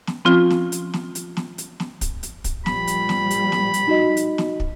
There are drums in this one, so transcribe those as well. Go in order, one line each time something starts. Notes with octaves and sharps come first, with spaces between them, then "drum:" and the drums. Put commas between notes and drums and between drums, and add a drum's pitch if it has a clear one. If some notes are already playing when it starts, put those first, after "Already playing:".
drum: snare
F3 C4 C#4 F4
drum: snare
drum: hi-hat
drum: snare
drum: hi-hat
drum: snare
drum: hi-hat
drum: snare
drum: kick, hi-hat
drum: hi-hat
drum: kick, hi-hat
A#2 F3 G3 B5, drum: snare
drum: hi-hat
drum: snare
drum: hi-hat
drum: snare
drum: hi-hat
D#4 F#4 D#5
drum: hi-hat
drum: snare
drum: kick